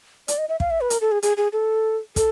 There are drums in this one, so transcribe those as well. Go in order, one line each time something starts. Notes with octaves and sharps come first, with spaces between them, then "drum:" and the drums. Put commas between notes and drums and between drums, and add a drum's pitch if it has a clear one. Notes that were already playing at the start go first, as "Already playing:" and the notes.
D5, drum: hi-hat
D#5
E5
F5, drum: kick
E5
B4
A#4, drum: hi-hat
A4
G#4
G#4, drum: hi-hat
G#4
A4
A4, drum: kick, hi-hat